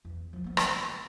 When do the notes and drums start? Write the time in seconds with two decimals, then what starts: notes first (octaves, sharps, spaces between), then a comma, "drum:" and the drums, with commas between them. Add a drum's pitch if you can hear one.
0.05 E2
0.33 F3 D#4
0.44 A#3 B3
0.57 E3, drum: rim click
0.69 D3